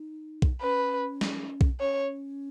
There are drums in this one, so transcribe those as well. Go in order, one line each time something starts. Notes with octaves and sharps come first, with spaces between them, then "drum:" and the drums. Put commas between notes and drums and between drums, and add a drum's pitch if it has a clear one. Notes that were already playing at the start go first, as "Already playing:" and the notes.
Already playing: D#4
drum: kick B1
C#4 B4
drum: snare
drum: kick B1
C#4 C#5